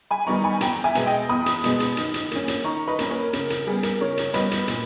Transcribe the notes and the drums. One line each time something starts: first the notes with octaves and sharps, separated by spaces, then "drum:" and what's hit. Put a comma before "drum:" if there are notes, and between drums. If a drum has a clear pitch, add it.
G#5 B5
D#3 G3 B3 D#4 A#5 C#6
G#5 B5
E2 G5 A#5, drum: hi-hat
E5 G#5
B2 G#3 B3, drum: hi-hat
D#5 G5
E2 B5 D#6
drum: hi-hat
B2 G#3 B3, drum: hi-hat
drum: hi-hat
D#3, drum: hi-hat
drum: hi-hat
A#3 C#4, drum: hi-hat
drum: hi-hat
D#3 A#5 C#6
B4 D#5
A#3 C#4, drum: hi-hat
A#4 C#5
C#3 A#4, drum: hi-hat
A#4, drum: hi-hat
G3 B3 G#4
A#4, drum: hi-hat
C#3 A#4 C#5
drum: hi-hat
G3 B3 B4 D#5, drum: hi-hat
drum: hi-hat
A#2, drum: hi-hat